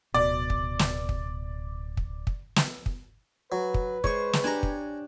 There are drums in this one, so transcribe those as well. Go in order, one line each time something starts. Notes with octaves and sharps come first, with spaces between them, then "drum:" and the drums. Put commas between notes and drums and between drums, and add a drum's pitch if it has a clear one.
D1 B2 D5
drum: kick
drum: snare
drum: kick
drum: kick
drum: kick
drum: snare
drum: kick
F#3 B4
drum: kick
G#3 C5 C#5 C#6, drum: kick
drum: snare
D4 G4 C#5 G#5 A#5
drum: kick